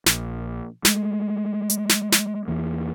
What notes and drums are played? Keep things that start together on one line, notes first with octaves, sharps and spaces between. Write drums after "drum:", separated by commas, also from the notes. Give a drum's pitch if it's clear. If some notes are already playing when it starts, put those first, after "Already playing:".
A#1, drum: snare
G#3 A3, drum: snare
drum: hi-hat
drum: snare
drum: snare
E2 E3 A#3